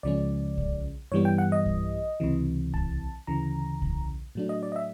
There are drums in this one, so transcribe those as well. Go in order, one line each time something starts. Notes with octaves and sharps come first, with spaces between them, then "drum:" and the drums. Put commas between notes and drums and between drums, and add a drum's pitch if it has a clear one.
C#2 C#3 F3 G#3 C#4 D5
drum: kick
G2 E3 G3 B3 C#5
G5
F#5
D#5
drum: kick
C#2 C3 E3
A5, drum: kick
D2 C#3 E3 A#5
drum: kick
A2 F#3 A3 D4
D#5
D5
D#5
E5